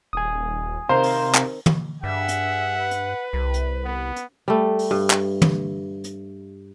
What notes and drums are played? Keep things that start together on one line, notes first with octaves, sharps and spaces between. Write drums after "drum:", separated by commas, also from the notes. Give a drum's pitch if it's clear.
D#1 G#5 D#6
C3 D#3 C4 C5 F5 A#5
drum: open hi-hat
drum: clap
drum: tom
G2 G#4 E5 F#5
drum: hi-hat
B4
drum: hi-hat
C2
drum: hi-hat
B3
drum: hi-hat
G3 A3
drum: open hi-hat
G2
drum: clap
drum: tom
drum: hi-hat